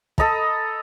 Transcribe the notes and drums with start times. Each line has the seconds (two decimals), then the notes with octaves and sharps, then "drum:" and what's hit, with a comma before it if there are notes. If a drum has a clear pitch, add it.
0.18 A4 D#5 A#5 B5, drum: kick